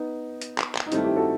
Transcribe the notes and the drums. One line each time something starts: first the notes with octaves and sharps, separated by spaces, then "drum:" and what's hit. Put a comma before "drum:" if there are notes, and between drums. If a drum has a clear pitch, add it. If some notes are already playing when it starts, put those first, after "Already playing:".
Already playing: B3 D#4
drum: hi-hat
drum: clap
drum: clap
D#4
G2 D#3 A3 C4 E4, drum: hi-hat
E4 G4
F#4 A4